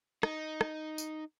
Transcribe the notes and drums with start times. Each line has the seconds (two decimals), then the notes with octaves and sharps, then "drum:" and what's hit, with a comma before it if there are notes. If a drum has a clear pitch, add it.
0.23 D#4, drum: rim click
0.61 drum: rim click
0.98 drum: tambourine